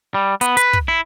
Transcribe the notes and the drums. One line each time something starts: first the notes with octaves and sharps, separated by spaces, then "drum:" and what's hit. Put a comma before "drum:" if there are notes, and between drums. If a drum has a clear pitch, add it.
G3
B3, drum: hi-hat
B4, drum: hi-hat
drum: kick
E4